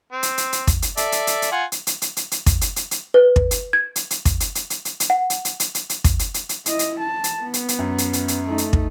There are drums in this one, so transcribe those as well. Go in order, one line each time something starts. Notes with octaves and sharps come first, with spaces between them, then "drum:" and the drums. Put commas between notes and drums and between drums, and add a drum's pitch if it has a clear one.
C4
drum: hi-hat
drum: hi-hat
drum: hi-hat
drum: kick, hi-hat
drum: hi-hat
A4 D5 E5, drum: hi-hat
drum: hi-hat
drum: hi-hat
drum: hi-hat
F4 F#5 G#5
drum: hi-hat
drum: hi-hat
drum: hi-hat
drum: hi-hat
drum: hi-hat
drum: kick, hi-hat
drum: hi-hat
drum: hi-hat
drum: hi-hat
B4
drum: kick
drum: hi-hat
G#6
drum: hi-hat
drum: hi-hat
drum: kick, hi-hat
drum: hi-hat
drum: hi-hat
drum: hi-hat
drum: hi-hat
drum: hi-hat
F#5
drum: hi-hat
drum: hi-hat
drum: hi-hat
drum: hi-hat
drum: hi-hat
drum: kick, hi-hat
drum: hi-hat
drum: hi-hat
drum: hi-hat
E4 D#5, drum: hi-hat
drum: hi-hat
A5
drum: hi-hat
B3
drum: hi-hat
drum: hi-hat
F#2
drum: hi-hat
drum: hi-hat
drum: hi-hat
A3 D#4
drum: hi-hat
drum: kick